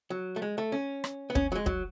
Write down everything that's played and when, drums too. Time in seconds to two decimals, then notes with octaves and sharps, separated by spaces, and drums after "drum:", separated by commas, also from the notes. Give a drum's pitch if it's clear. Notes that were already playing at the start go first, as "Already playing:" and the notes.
0.10 F#3
0.36 A3
0.42 G#3
0.58 A3
0.72 C#4
1.04 drum: rim click
1.30 B3
1.35 C#4, drum: kick
1.52 F#3
1.55 G#3
1.66 F#3, drum: kick